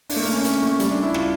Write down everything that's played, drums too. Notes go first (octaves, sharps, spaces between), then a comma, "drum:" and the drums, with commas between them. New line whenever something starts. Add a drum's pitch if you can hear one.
D4, drum: open hi-hat
A3
A#3
C#4
A#3, drum: hi-hat
A3
G3, drum: hi-hat
D4
E4
F4, drum: rim click